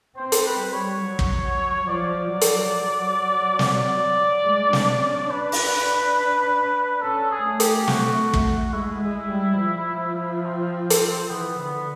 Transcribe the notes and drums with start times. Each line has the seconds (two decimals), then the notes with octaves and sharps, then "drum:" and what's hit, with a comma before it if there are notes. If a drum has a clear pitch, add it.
0.16 C4 C5
0.32 drum: hi-hat
0.46 B4
0.60 G3
0.73 C#5
1.02 F#3
1.19 drum: kick
1.45 F#3
1.88 F3 D5
2.31 F#3
2.41 drum: hi-hat
2.73 F#3
3.59 D5, drum: snare
4.45 G#3
4.73 D4, drum: snare
5.02 C#4
5.30 D4 B4
5.52 drum: open hi-hat
7.01 C#4 A4
7.31 G#4
7.45 A3
7.60 G4, drum: hi-hat
7.88 F#4, drum: snare
8.34 drum: kick
8.73 G#3 E4
9.02 G#3
9.31 G3
9.59 F3
10.45 C4
10.90 drum: hi-hat
11.30 E3 B3
11.59 D3 B3